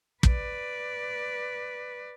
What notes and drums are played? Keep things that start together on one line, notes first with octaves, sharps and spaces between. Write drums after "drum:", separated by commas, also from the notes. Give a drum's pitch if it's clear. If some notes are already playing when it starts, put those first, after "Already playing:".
B4 D5, drum: kick